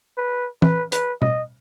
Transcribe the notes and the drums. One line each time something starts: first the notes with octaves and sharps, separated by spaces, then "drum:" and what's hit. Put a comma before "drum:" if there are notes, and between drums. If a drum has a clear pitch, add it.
B4
B4, drum: tom
B4, drum: hi-hat
D#5, drum: tom B2